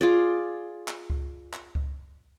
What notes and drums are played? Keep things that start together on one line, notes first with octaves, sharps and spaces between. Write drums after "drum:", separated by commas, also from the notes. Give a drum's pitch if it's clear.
F4 G#4 D5
drum: clap
drum: kick C#2
drum: clap
drum: kick C#2